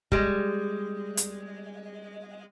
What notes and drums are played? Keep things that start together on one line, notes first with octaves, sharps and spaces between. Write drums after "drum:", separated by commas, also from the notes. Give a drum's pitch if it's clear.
G3 G#3, drum: kick
drum: hi-hat